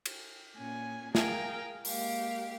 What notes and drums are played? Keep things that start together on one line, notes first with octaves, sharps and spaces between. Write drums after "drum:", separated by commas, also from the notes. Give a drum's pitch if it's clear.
drum: cymbal
A#2 C#4 G#5
G#4 A#4 F5 G5 G#5, drum: snare
G#3 A#3 G4 F5, drum: open hi-hat